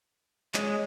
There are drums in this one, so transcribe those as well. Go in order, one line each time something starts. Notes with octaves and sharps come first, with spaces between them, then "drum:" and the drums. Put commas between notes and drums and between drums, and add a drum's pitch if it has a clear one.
G#3 C#5, drum: clap